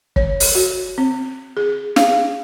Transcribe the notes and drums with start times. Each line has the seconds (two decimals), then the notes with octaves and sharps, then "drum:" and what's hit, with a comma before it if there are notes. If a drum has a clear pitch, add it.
0.16 C#5, drum: kick
0.40 drum: open hi-hat
0.55 F#4
0.98 C4
1.57 G#4
1.96 F5, drum: snare